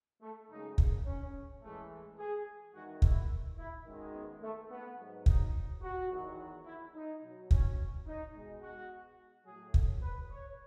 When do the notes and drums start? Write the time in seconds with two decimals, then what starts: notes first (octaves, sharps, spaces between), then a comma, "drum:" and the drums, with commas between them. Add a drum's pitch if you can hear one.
0.22 A3
0.49 F#2 C#3 G#3 D#4
0.78 drum: kick
1.05 C#4
1.61 A2 E3 G#3 A3
2.18 G#4
2.74 E2 D#3 G#3 F#4
3.02 E4, drum: kick
3.58 E4
3.85 F#2 D#3 G#3
4.14 B3
4.42 A3
4.69 B3
4.98 G#2 F#3
5.26 D#4, drum: kick
5.82 F#4
6.11 E2 D#3 F#3
6.65 E4
6.95 D#4
7.22 B2 F#3
7.51 C#4, drum: kick
8.06 D#4
8.34 B2 G#3
8.61 F#4
9.46 A2 F#3 G#4
9.74 drum: kick
10.02 B4
10.30 C#5